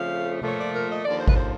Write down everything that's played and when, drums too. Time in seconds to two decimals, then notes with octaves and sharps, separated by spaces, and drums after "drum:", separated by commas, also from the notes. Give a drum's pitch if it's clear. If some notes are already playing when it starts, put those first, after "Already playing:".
Already playing: F2 C#3 F3 A3 F5
0.41 A#2 F3 A3 C#5, drum: tom C3
0.57 D5
0.73 A#4
0.89 D#5
1.04 D#2 D3 F3 D5
1.20 C5
1.28 B4, drum: kick G#1
1.36 C5